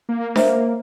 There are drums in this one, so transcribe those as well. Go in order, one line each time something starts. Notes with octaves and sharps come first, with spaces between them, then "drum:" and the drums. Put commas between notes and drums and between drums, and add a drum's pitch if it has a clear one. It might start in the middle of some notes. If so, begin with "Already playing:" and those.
A#3
C5 C#5 E5, drum: snare D4